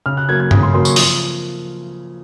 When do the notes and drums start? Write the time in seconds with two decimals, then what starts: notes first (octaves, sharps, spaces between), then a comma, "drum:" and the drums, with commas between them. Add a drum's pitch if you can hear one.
0.06 C#3 F6
0.17 F#6
0.29 F#3 A#3 G#6
0.40 G#6
0.51 C#3, drum: tom G2
0.63 C6
0.74 F#3 A#3 C6
0.85 C#6, drum: tambourine
0.96 F3 D#6, drum: open hi-hat